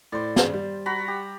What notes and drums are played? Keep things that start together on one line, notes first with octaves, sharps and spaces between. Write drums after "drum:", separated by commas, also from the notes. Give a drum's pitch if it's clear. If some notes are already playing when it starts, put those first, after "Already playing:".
A2 C5 D5
C#3, drum: snare
G3
F#4 A#5 B5
G4